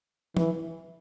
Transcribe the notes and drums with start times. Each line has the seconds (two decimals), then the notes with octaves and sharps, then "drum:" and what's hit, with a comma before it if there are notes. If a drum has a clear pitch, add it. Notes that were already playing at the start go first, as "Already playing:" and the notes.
0.37 E3, drum: tom